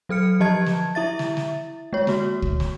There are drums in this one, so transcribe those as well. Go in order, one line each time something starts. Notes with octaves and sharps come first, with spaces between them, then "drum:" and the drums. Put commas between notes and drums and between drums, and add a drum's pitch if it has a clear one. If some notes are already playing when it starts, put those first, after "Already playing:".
F#3 A4 F6 C#7
F3 G4 D#5 A5 G#6
drum: snare
E4 E5 A6
drum: snare
drum: snare
G#3 C#5
A#3 F#4, drum: snare
drum: kick
drum: snare